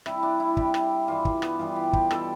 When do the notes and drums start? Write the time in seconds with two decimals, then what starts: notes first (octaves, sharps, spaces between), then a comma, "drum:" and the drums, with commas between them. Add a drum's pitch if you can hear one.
0.06 C3 G3 E4, drum: rim click
0.23 D4
0.40 E4
0.57 C3 G3 G4, drum: kick
0.74 drum: rim click
1.08 G2 E3 G3 F4
1.25 drum: kick
1.42 B3, drum: rim click
1.59 G2 E3 G3 F4
1.76 G4
1.93 G4, drum: kick
2.11 B2 G3 A4, drum: rim click